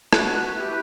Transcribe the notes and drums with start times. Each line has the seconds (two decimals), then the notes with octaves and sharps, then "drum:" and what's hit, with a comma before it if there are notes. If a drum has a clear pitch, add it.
0.13 F#4 B4 F#6, drum: rim click
0.33 F#6
0.54 E4 G4 B4 F#6